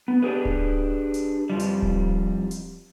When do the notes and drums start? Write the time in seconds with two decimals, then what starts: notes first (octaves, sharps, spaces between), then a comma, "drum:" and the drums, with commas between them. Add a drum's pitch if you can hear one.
0.08 B3
0.22 D4 G4 G#4 B4
0.45 drum: kick D1
1.14 drum: hi-hat
1.50 F2 F3 G3
1.59 drum: hi-hat
1.82 drum: kick D1
2.51 drum: hi-hat